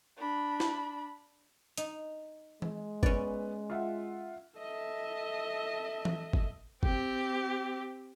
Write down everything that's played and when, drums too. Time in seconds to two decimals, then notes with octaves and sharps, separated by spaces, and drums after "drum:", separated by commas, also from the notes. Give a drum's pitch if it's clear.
0.17 D4 B5
0.60 drum: snare E4
1.78 D#4, drum: hi-hat
2.62 G#3, drum: tom E3
3.03 B3 C#4 D5, drum: kick
3.70 F4 E5 F#5
4.59 A4 D#5 E5
6.05 drum: tom E3
6.33 drum: kick
6.83 C4 G4, drum: kick